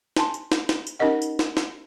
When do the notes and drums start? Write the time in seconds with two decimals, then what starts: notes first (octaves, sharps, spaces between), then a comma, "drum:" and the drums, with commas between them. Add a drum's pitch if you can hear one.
0.17 G#5 A5 C6, drum: snare
0.34 drum: tambourine
0.52 drum: snare
0.69 drum: snare
0.87 drum: tambourine
0.99 C#4 D#4 G4 A#4 D#5 F#5
1.22 drum: tambourine
1.39 drum: snare
1.57 drum: snare